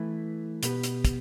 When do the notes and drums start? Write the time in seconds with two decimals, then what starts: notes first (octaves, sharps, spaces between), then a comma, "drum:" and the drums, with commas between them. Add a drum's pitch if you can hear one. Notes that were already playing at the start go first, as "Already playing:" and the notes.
Already playing: E3 A3 E4 B4
0.63 B2 B3 G4 B4, drum: hi-hat
0.83 drum: hi-hat
1.05 drum: kick, hi-hat